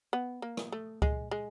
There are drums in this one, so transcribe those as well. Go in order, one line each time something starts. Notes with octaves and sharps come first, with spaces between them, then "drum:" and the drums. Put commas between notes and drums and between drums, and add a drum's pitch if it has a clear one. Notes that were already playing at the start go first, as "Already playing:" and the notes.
B3
A#3
drum: rim click
A3
G#3, drum: kick C#2
G#3